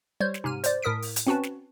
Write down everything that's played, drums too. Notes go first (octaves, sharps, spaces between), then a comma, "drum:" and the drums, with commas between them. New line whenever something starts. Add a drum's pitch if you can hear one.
G3 C5 C#5 G#6
drum: snare
G#2 C3 F6 D#7
C5 D5, drum: hi-hat
A2 A#4 D#6 B6 D7
drum: open hi-hat
drum: hi-hat
C4 C#4 F#4 B4 A5
drum: snare